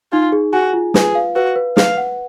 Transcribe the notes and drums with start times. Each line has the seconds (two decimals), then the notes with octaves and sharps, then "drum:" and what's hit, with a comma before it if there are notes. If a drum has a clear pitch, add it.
0.12 D#4 F4
0.32 G#4
0.53 F#4 G#5
0.73 F4
0.94 G#4 B4, drum: snare
1.15 F5
1.36 F#4 B4
1.56 B4
1.77 B4 F5, drum: snare
1.97 F#5